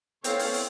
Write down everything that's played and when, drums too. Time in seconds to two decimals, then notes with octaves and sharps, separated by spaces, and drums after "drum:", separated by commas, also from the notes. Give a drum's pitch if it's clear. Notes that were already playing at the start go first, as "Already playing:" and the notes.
0.24 B3 C4 E4 A4 C#5 F5, drum: hi-hat
0.39 C#4, drum: open hi-hat
0.54 C4, drum: open hi-hat